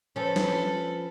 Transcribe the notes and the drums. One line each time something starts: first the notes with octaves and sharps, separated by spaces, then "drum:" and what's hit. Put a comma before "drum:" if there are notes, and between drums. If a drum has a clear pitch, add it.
F3 C#4 A4 B4
drum: snare